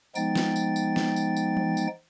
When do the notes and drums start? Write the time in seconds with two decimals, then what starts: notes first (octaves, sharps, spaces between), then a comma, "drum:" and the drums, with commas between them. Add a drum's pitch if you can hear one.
0.15 F3 G#3 B3 D#4 G5 A6, drum: tambourine
0.35 drum: snare
0.56 drum: tambourine
0.76 drum: tambourine
0.96 drum: snare
1.16 drum: tambourine
1.37 drum: tambourine
1.57 drum: tom E3
1.77 drum: tambourine